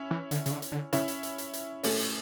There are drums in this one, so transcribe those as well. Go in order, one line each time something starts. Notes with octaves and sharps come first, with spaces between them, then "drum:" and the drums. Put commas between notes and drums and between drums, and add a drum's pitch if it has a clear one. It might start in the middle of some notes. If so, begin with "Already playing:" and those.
Already playing: C#4 E4
E3
D3, drum: hi-hat
C#3, drum: hi-hat
D3
drum: hi-hat
D3
C#3 C#4 E4, drum: hi-hat
drum: hi-hat
drum: hi-hat
drum: hi-hat
drum: hi-hat
A3 C#4, drum: open hi-hat
drum: hi-hat